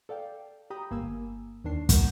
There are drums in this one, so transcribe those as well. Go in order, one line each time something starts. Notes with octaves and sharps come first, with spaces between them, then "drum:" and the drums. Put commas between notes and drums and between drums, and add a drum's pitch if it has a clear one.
A4 D5 F5 G5
G4 G5 A#5 B5 D#6
G1 A#3 G#5 E6
D#2 D#3 D4 C7
B1 A#4 F#5 F6 G6, drum: kick, hi-hat